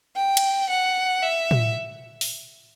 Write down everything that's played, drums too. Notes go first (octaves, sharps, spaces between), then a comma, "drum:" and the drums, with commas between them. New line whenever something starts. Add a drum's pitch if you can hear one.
G5
drum: cymbal
F#5
E5
drum: tom A2
drum: open hi-hat